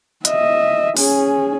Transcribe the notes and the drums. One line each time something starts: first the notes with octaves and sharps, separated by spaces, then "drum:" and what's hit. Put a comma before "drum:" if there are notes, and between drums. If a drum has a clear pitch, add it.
D#5 E5, drum: hi-hat
C#4 G#4, drum: open hi-hat